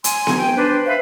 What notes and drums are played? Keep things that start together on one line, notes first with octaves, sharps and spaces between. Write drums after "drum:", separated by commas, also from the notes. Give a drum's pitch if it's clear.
G#5 C6, drum: hi-hat
drum: snare B3
G5
D4 B4 C5
B4 C5 E5 F5